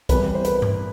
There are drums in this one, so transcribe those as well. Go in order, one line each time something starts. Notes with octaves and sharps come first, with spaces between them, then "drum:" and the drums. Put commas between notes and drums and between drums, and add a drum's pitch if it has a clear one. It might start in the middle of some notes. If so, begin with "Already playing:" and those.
E2 C3 E3 G3 B4, drum: kick, hi-hat
C5
B4, drum: hi-hat
drum: tom G2